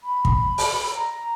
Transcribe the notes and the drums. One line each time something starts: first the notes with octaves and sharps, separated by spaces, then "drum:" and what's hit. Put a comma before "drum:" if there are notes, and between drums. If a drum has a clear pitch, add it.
B5
drum: kick
drum: open hi-hat
A#5